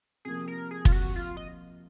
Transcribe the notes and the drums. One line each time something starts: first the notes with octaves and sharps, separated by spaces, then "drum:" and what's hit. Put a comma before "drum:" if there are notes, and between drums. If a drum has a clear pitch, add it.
C3 F3 A#3 G#4
A#4
G#4
F4, drum: kick
F#4
F4
D#5